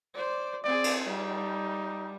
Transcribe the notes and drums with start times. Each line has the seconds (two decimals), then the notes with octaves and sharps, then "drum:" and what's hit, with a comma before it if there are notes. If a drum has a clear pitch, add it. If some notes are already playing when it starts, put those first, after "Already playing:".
0.14 C5 D5
0.64 C4 G#4 D5
0.84 drum: cymbal
1.08 G3 D#4